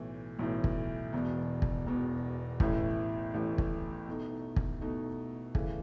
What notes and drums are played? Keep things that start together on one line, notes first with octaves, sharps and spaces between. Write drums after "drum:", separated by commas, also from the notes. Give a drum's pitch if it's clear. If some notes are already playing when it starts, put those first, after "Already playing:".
Already playing: B1 A2 E3
B1 A2 E3
drum: kick
E1 E2 B2
drum: kick
E1 E2 B2
A1 A2 E3 A3, drum: kick
A1 A2 E3 A3
drum: kick
B2 A3 D#4
drum: kick
B2 A3 D#4
C#3 E3 A3, drum: kick